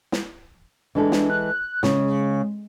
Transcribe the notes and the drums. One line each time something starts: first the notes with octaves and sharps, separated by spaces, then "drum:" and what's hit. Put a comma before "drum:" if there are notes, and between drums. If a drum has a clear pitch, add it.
drum: snare
E3 G#3 D4 A4
drum: snare
F#6
C#3 G#3, drum: snare